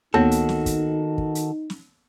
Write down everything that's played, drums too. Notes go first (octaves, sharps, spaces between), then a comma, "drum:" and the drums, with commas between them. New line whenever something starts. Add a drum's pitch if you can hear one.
D#3 A#3 B3 D#4 F#4 A4 C#5, drum: tom D2
drum: hi-hat
drum: snare
drum: kick, hi-hat
drum: kick
drum: hi-hat
drum: snare